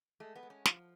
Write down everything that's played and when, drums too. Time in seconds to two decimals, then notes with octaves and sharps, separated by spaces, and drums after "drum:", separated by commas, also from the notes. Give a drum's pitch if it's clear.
0.20 G#3 A3
0.35 B3
0.43 G#3
0.50 C#4
0.66 F3, drum: snare